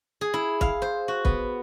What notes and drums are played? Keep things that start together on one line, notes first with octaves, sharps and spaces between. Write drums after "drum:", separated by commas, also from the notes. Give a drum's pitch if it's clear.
G#4
E4
F5, drum: kick
C5
F#4
B3, drum: kick